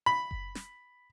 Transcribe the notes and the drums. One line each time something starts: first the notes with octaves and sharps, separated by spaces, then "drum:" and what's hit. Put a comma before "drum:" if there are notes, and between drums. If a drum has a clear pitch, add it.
B5
drum: kick F#1
drum: snare